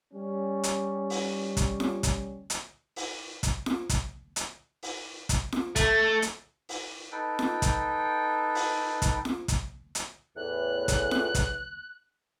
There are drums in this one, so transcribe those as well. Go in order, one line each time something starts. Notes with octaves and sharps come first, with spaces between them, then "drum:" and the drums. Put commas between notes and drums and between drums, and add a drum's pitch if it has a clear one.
G3 C#4
drum: hi-hat
drum: open hi-hat
drum: kick, hi-hat
drum: snare F4
drum: kick, hi-hat
drum: hi-hat
drum: open hi-hat
drum: kick, hi-hat
drum: snare F4
drum: kick, hi-hat
drum: hi-hat
drum: open hi-hat
drum: kick, hi-hat
drum: snare F4
A3, drum: kick, hi-hat
drum: hi-hat
drum: open hi-hat
D#4 A4 B4 G5
drum: snare F4
drum: kick, hi-hat
drum: open hi-hat
drum: kick, hi-hat
drum: snare F4
drum: kick, hi-hat
drum: hi-hat
E2 A2 E3 F#6
drum: kick, hi-hat
drum: snare F4
drum: kick, hi-hat